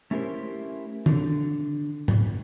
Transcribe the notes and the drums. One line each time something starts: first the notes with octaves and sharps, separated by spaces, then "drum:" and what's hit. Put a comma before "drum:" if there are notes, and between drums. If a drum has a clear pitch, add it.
A3 C#4 E4 G4 A#4 C5
D3, drum: tom
drum: tom